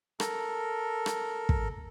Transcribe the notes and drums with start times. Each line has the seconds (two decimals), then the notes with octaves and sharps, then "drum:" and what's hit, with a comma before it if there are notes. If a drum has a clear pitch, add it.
0.20 A4 A#4, drum: rim click
1.06 drum: rim click
1.49 drum: kick